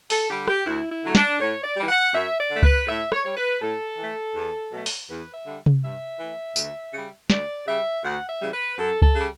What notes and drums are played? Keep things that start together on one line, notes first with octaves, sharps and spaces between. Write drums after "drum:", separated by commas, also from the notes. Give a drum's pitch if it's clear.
A4, drum: open hi-hat
D3 G3 G4
G4, drum: rim click
D2 E4
E4
D3 F#3 A3
D4, drum: snare
A2 C#5
D5
E3 G3
F#5
F#2 E5
D5
D3 A3
B4, drum: kick C#2
A2 E5
C#5, drum: rim click
G3 C#5
B4
A2 A4
E3 A3
E2
B2 F#3 A3
drum: open hi-hat
E2 B4
E5
D3 G3
drum: tom C3
G2 E5
E3 A3
D2, drum: tambourine
C#3 G3
D2 D5, drum: snare
C#3 G3 E5
D2 F#5
E5
C#3 E3 G3
B4
F#2 A4
A4, drum: kick C#2
C#3 G3